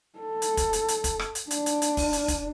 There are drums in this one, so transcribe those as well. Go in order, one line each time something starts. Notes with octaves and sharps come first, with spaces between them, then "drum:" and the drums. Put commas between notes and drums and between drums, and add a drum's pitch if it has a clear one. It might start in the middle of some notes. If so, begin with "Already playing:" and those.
A4
drum: hi-hat
drum: kick, hi-hat
drum: hi-hat
drum: hi-hat
drum: kick, hi-hat
drum: rim click
drum: hi-hat
D4, drum: hi-hat
drum: hi-hat
drum: hi-hat
drum: kick, open hi-hat
drum: hi-hat
drum: kick, hi-hat